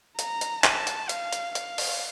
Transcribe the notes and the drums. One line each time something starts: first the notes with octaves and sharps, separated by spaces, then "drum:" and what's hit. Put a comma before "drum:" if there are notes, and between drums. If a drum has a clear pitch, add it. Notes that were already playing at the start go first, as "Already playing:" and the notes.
A#5, drum: hi-hat
drum: hi-hat
A5, drum: clap
drum: hi-hat
F5, drum: hi-hat
drum: hi-hat
F5, drum: hi-hat
drum: open hi-hat